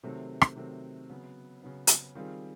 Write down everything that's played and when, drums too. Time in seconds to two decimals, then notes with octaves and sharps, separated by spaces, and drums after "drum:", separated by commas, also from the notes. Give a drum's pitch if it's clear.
0.03 C3 D#3 F#3 A3 C4
0.41 drum: rim click
0.56 C3 D#3 F#3 A3 C4
1.10 C#3 F#3 B3
1.62 C#3 F#3 B3
1.87 drum: hi-hat
2.15 D#3 G3 C4 F4 G#4